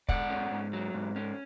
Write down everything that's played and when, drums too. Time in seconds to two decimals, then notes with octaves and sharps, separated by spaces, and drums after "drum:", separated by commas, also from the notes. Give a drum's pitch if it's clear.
0.09 G#2 D5 F#5, drum: kick
0.30 C#4
0.52 G#2
0.73 F#3
0.94 G#2
1.16 C#4